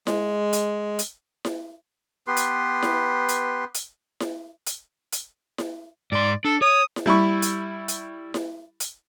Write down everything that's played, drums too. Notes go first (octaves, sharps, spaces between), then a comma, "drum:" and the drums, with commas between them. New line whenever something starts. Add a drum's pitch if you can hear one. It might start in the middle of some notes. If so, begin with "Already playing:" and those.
G#3, drum: snare E4
drum: hi-hat
drum: hi-hat
drum: snare E4
B3 G4 B4 C6
drum: hi-hat
drum: snare E4
drum: hi-hat
drum: hi-hat
drum: snare E4
drum: hi-hat
drum: hi-hat
drum: snare E4
G#2 D5 C6
D4 A4
C#5 D#6
drum: snare E4
G3 E4 B5 C#6
drum: hi-hat
drum: hi-hat
drum: snare E4
drum: hi-hat